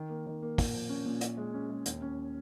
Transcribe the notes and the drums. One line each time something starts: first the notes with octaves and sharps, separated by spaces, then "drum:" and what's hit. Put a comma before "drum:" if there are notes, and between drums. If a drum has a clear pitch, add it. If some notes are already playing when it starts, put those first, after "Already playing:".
Already playing: D#3
A#3
D#3
A#3
A#2, drum: kick, open hi-hat
F3
C#4
A#2
C#4, drum: hi-hat
G#3
C#4
G#3
D#2, drum: hi-hat
C#4